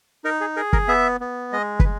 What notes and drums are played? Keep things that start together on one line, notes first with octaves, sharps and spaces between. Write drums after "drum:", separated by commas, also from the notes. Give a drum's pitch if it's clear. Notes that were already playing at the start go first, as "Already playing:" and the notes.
D#4 A#4
G#4
G#4 A#4
A#4, drum: kick
B3 E5
B3
G#3 D#5
B4, drum: kick
G#3